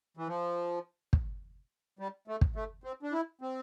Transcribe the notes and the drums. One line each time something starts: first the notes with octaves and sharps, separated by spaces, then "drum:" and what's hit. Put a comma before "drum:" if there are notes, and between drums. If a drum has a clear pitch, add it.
E3
F3
drum: kick
G3
A3
drum: kick
A3
C4
D4
E4
C4